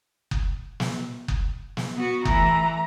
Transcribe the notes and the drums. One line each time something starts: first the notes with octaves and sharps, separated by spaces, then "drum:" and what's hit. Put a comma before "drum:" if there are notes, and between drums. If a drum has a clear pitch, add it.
drum: kick F#1
drum: snare
drum: kick F#1
drum: snare
B3 F#4
E3 A3 A#5, drum: kick F#1